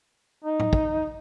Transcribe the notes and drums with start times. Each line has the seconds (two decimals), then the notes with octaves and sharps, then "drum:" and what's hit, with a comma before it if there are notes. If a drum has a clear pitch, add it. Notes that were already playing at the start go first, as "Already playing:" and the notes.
0.45 D#4
0.60 drum: tom A2
0.73 drum: kick